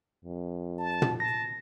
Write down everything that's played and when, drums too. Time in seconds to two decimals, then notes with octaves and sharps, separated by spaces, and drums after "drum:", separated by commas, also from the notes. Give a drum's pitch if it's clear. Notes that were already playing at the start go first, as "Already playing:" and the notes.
0.25 F2
0.79 A5
1.02 drum: tom
1.20 A5 A#6